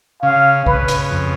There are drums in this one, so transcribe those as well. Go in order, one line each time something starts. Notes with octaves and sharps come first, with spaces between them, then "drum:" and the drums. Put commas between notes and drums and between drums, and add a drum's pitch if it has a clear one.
C#3 F5
C#3 B4, drum: kick C2
drum: hi-hat
F2